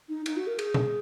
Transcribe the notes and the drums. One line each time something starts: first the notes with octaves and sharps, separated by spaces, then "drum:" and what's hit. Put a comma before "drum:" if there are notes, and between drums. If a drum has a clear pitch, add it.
D#4
D#4, drum: cymbal
F#4
A#4
G#4, drum: cymbal
drum: tom A#2